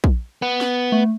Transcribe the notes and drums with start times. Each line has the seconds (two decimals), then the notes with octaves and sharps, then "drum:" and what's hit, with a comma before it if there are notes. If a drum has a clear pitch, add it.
0.04 drum: kick
0.42 B3
0.61 drum: snare
0.92 A3